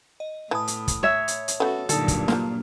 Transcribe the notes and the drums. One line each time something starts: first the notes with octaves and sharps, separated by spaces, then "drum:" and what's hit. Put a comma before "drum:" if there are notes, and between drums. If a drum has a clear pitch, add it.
D#5
A2 E3 A5 B5 D#6
drum: hi-hat
drum: kick, hi-hat
C#5 E5
drum: hi-hat
drum: hi-hat
A3 B3 C#4 F#4 A4
G2 A#2 D3 F#3 D#4 A4, drum: hi-hat
drum: kick, hi-hat
F3 A#3 D4 F4, drum: snare